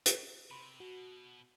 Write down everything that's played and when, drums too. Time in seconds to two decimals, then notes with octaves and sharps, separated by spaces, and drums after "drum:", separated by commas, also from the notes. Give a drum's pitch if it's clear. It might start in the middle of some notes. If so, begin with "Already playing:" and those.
0.06 drum: hi-hat
0.51 C3 B5 C6
0.80 B2 F#4